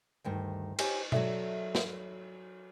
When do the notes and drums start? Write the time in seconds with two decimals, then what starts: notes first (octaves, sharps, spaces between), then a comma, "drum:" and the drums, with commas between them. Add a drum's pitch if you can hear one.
0.24 D2 G2 D#3
0.79 G4 C5 C#5 D#5 G#5, drum: cymbal
1.12 F#3 F#4 A4 D5 E5, drum: tom B2
1.75 drum: snare